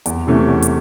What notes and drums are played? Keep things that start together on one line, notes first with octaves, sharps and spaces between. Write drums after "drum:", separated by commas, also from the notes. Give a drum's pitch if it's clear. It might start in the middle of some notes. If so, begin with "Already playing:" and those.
E2, drum: hi-hat
C3 E3 A3 C#4
E2
drum: hi-hat